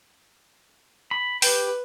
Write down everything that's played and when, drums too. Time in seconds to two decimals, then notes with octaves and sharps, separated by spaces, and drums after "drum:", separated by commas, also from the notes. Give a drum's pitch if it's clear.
1.11 B5
1.42 G4 B4 G5, drum: open hi-hat